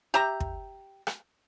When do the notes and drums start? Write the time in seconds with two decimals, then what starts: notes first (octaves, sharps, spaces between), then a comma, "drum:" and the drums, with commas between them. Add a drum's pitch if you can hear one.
0.14 G4 E5 A#5
0.40 drum: kick
1.07 drum: rim click